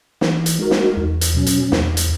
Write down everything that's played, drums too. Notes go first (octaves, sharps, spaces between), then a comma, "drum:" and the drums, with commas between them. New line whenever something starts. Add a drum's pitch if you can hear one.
E3, drum: snare
drum: hi-hat
G#3 D#4 F#4 A#4
drum: snare
E2
drum: hi-hat
B2 F#3 C#4
drum: hi-hat
E2, drum: snare
drum: hi-hat